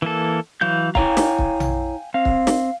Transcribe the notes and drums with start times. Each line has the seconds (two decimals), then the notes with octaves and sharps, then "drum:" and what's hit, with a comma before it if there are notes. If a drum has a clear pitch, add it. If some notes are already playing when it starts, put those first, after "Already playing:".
0.02 E3 A#3 A4
0.61 E3 F#3 F5 G6
0.95 E4 C#5 F5 G5 G#5 A#5, drum: kick
1.17 drum: snare
1.38 drum: kick
1.60 drum: tom A#1
2.14 C4 F5
2.25 drum: kick
2.47 drum: snare